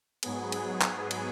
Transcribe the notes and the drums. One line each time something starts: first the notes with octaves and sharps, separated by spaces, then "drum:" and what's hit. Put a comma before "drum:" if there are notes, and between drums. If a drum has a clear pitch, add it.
G#2 F#3 B3 G#4, drum: cymbal
drum: cymbal
drum: clap
drum: cymbal